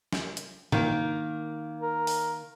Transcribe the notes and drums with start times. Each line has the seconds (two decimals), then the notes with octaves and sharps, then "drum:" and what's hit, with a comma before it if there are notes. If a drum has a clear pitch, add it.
0.13 drum: snare
0.37 drum: hi-hat
0.72 D#3 A#3, drum: tom
1.81 A#4
2.07 drum: open hi-hat